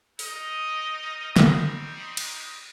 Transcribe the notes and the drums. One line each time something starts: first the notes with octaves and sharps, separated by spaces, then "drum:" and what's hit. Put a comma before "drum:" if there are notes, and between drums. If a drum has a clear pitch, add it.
D#4 A#4 D#5, drum: open hi-hat
G3 C4 D#4, drum: snare
drum: cymbal